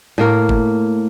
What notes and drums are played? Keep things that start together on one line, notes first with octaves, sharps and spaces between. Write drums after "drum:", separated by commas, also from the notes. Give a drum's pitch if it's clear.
A2 A#3 A#4
drum: kick